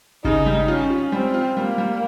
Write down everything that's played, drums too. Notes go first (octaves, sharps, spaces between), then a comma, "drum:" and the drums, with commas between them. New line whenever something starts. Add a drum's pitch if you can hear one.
C#3 D#4, drum: kick G#1
G3
C#4 F4
F4
G3 C4
F4
G3 A#3
G3